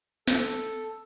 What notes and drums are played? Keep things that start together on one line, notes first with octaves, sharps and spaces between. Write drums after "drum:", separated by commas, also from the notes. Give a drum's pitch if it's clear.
A4, drum: snare